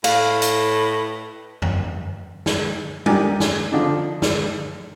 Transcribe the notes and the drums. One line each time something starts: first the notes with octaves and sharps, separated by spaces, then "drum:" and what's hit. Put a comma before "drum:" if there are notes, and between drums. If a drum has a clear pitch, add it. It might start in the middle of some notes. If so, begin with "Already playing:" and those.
A2 F5, drum: cymbal
drum: hi-hat
drum: tom F2
drum: snare
D#4 G4 A#4 D5 G#5, drum: tom G3
drum: snare
D3 F3 D4 D#4
drum: snare